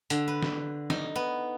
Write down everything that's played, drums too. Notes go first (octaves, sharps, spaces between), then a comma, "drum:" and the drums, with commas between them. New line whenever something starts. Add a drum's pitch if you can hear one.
D3, drum: hi-hat
B4
drum: snare
D#4, drum: snare
B3